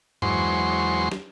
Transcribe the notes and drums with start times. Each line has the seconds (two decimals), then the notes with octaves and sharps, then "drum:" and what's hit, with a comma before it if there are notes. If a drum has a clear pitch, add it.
0.22 E2 F#3 G#3 C5 C6 C#6, drum: tom G2
1.12 drum: snare